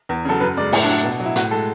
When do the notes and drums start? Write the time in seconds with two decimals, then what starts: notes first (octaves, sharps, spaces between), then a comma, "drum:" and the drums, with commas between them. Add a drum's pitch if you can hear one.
0.09 E2
0.25 C#3 F#3 A4
0.40 F#2 B4
0.57 C#3 G#3 D5
0.72 A2 E4, drum: open hi-hat
0.83 D4
0.88 F#3
0.94 E4
1.04 B2
1.20 F#3
1.25 E4
1.36 A2 F#4, drum: hi-hat
1.51 G#3 A4